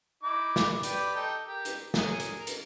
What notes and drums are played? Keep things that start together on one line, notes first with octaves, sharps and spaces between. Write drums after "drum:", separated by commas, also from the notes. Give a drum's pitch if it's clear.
D#4 E4 D6
drum: snare
G4 B4 D5, drum: hi-hat
D#4 A4 G5
G4 A#4
drum: hi-hat
C#4 G#4 A#4, drum: snare
drum: hi-hat
A#4
drum: hi-hat